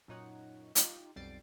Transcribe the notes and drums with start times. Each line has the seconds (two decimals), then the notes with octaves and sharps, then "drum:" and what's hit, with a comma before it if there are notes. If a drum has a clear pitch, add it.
0.08 F#2 A#2 D#4 C#5 F#5
0.75 D#4 F4 G4, drum: hi-hat
1.16 B1 F2 G3 A6 C7 D7